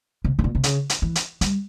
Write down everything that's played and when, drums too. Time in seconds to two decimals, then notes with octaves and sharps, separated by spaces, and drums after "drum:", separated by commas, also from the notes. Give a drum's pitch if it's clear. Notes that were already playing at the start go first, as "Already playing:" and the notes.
0.24 C3
0.39 C3
0.44 A#2
0.55 C3
0.63 C#3, drum: hi-hat
0.90 drum: hi-hat
1.02 E3
1.15 drum: hi-hat
1.41 G3, drum: hi-hat